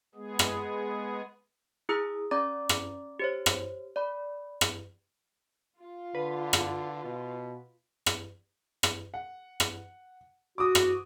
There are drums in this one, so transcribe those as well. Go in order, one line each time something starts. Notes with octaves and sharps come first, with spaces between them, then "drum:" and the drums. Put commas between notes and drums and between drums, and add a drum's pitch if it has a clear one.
G#3 B3 G#4
drum: rim click
E4 G#4 A#5 D#6 E6
C#4 D5 A#5 D6 A6
drum: rim click
G4 C5 C#5
drum: rim click
D5 B5
drum: rim click
F4
D3 B4
drum: rim click
B2
drum: rim click
drum: rim click
F#5
drum: rim click
F#4 D6 D#6
drum: rim click